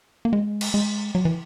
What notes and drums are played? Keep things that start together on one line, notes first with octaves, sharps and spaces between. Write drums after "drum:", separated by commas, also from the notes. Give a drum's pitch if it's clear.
A#3
G#3
drum: cymbal
G#3
F#3
E3